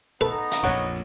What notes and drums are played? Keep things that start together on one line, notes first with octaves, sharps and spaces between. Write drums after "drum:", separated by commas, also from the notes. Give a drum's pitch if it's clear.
B3 D#4 A4 B4 A#5
drum: hi-hat
A#1 F2 A#2 C#5 F#5 C#6